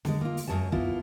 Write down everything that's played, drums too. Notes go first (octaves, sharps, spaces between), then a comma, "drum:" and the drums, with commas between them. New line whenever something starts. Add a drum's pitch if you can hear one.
D3 G#3, drum: snare
A#3 F4
drum: open hi-hat
F#2 D#3 G#3 C#5 A5
A#3 B3 E4 F4, drum: kick C2